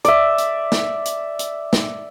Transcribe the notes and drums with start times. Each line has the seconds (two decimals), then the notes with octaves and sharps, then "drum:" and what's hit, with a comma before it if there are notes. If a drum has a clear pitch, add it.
0.05 D5 E5, drum: hi-hat
0.38 drum: hi-hat
0.72 drum: snare
1.05 drum: hi-hat
1.39 drum: hi-hat
1.73 drum: snare